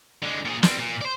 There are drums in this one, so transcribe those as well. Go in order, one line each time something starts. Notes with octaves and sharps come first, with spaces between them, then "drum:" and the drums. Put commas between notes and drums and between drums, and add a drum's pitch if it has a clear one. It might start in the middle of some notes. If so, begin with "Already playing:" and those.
D3 G#3
A#2 G#4
G3 C4, drum: snare
A#2
C5 D5